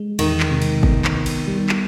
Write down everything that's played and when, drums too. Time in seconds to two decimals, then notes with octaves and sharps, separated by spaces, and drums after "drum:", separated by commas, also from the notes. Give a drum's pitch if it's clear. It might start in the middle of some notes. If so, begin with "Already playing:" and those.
Already playing: G#3
0.19 E2 D#3, drum: cymbal
0.40 drum: clap
0.51 C3
0.62 drum: cymbal
0.83 B3, drum: kick
1.05 drum: clap
1.15 B3
1.26 drum: cymbal
1.47 G3
1.69 drum: clap